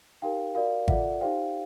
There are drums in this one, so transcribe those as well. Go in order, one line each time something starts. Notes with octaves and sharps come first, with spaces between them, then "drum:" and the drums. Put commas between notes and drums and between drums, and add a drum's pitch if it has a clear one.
D#4 G4 A#4 F5 G5
F#4 A#4 D5 F5
F4 A4 D5 E5 F#5, drum: kick G#1
D#4 G4 C5 F5 G5